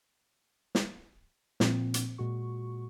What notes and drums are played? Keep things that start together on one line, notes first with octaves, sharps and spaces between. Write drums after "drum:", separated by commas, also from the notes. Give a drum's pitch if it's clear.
drum: snare
A#2 F3 C4, drum: snare
drum: hi-hat
A#2 G#3 F#4 C#6